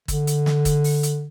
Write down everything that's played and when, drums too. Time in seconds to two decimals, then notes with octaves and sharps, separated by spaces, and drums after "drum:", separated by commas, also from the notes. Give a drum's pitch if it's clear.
0.08 D3, drum: kick, hi-hat
0.27 drum: hi-hat
0.46 drum: snare
0.65 drum: kick, hi-hat
0.84 drum: open hi-hat
1.03 drum: hi-hat